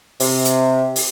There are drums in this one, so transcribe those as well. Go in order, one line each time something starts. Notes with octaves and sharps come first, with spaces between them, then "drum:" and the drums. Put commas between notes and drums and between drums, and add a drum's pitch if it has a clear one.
C3, drum: open hi-hat
drum: hi-hat
drum: open hi-hat